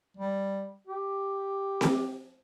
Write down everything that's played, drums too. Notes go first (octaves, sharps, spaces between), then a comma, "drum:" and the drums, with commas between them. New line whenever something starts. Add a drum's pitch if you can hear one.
G3
G4
drum: snare C4